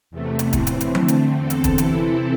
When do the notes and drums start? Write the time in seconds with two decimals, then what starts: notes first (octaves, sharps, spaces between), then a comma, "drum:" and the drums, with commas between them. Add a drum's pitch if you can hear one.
0.11 E2 C3 A3
0.39 drum: hi-hat
0.53 A2 E3 C4, drum: kick, hi-hat
0.67 drum: hi-hat
0.81 drum: hi-hat
0.95 D3 A3 C4, drum: tom F3
1.08 drum: hi-hat
1.37 E2 D3 C4 A4
1.50 drum: hi-hat
1.64 drum: kick, hi-hat
1.78 C3 E3 C4 E4 A4, drum: hi-hat